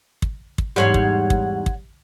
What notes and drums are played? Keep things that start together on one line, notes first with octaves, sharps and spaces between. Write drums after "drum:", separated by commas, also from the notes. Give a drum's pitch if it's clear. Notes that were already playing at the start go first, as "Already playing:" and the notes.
drum: kick
drum: kick
E2 G#2 G3 C#5 F#5 C6
drum: kick
drum: kick
drum: kick